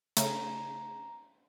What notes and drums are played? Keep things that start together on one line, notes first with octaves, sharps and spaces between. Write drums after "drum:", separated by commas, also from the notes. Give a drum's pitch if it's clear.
C#3 A3 A#5, drum: hi-hat